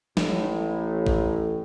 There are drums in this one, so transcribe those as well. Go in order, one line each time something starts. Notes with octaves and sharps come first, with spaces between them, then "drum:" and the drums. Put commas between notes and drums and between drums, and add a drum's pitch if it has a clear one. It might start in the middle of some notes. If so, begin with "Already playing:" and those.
A1 A2, drum: snare
drum: kick A1